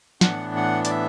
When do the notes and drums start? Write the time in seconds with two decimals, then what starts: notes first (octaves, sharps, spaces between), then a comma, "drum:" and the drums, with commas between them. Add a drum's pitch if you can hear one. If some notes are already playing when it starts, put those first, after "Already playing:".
0.21 A2 E3 B3 D4 F#5, drum: snare
0.56 F#5
0.85 D5, drum: hi-hat
0.90 E5